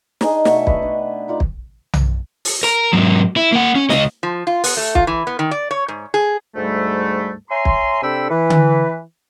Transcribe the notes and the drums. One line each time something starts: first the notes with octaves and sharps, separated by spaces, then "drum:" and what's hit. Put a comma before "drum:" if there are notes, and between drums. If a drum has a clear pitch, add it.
D4 D#4 G#4 D#5, drum: snare
B2 A3 E5 C#6, drum: snare
B4 D#5, drum: kick
D4
D#4 F4 D5
drum: kick
drum: tom B1
drum: open hi-hat
A#4 A#5
G#2 F#3
E4
A#3 F#5
C#4
C#2 D#5, drum: snare
F3
F4
B3, drum: open hi-hat
A3
F4, drum: kick
E3
B3
D#3
D5
C#5
G#2
G#4
D2 G#2 G3 A3
C#5 E5 G#5 A#5 C6
drum: kick
C3 D4 A4 G5 B5 E6
E3 B4
drum: tom D3